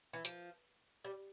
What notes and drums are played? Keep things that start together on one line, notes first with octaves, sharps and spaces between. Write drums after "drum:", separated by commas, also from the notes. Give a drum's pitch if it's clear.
E3
F3, drum: tambourine
G3